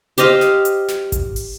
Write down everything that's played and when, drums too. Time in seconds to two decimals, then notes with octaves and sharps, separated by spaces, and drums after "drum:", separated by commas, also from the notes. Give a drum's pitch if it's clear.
0.18 G4 C5 D#5 F5, drum: hi-hat
0.41 drum: snare
0.65 drum: hi-hat
0.89 drum: snare
1.12 drum: kick G#1, hi-hat
1.36 drum: open hi-hat